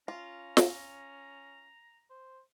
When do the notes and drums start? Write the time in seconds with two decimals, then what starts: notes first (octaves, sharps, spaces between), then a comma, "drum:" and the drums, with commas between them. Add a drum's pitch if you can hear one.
0.08 C#4 F4 A#5
0.57 drum: snare
2.10 C5